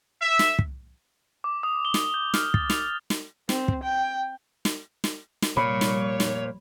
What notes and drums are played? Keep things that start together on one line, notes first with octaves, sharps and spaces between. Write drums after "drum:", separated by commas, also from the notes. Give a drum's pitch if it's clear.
E5
drum: snare
drum: kick
D6
D#6
G7
drum: snare
G6
F6, drum: snare
A6, drum: kick
F7, drum: snare
drum: snare
C4, drum: snare
drum: kick
G5
drum: snare
drum: snare
drum: snare
F1 A#2 G3 C#5 B5
drum: snare
drum: snare